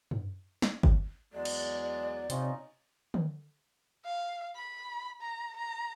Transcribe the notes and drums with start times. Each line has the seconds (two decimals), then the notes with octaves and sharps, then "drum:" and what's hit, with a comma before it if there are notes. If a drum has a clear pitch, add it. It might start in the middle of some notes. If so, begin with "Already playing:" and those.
0.11 drum: tom
0.62 drum: snare
0.83 drum: kick G1
1.33 E2 F#3 G#3 D5
1.45 drum: cymbal
2.30 C3 C#4 D#4 F4 D#5, drum: hi-hat
3.14 drum: tom
4.05 F5
4.56 B5
5.22 A#5
5.57 A#5